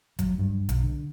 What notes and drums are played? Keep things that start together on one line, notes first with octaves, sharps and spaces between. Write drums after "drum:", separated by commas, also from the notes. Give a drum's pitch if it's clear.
F#3, drum: kick, hi-hat
G2
B1, drum: hi-hat
D3